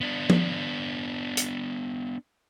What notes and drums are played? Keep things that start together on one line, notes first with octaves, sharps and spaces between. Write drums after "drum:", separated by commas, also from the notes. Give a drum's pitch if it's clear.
B3 D4
drum: tom F3
drum: hi-hat